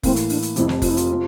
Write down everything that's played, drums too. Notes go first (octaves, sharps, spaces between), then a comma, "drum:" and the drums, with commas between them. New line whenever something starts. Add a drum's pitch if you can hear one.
A2 E3 A#3 C4, drum: kick F1, open hi-hat
drum: hi-hat
D4, drum: open hi-hat
drum: hi-hat
F1 F2 C3 E4, drum: hi-hat
drum: snare
F4, drum: kick F1, open hi-hat
E4
F4, drum: hi-hat
C3